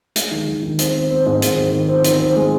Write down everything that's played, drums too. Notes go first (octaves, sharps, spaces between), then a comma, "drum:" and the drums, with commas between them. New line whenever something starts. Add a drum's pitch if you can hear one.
G#3, drum: hi-hat
D#3
D#3
D#3
C4, drum: hi-hat
C4
C4
G#2
D#3, drum: hi-hat
C4
D#3
C4
D#3, drum: hi-hat
C4
G#3